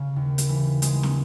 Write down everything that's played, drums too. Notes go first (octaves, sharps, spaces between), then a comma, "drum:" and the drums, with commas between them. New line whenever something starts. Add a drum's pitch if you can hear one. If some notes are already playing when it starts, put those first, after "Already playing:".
Already playing: C#3
D#2
drum: hi-hat
E3
G#3, drum: hi-hat
drum: snare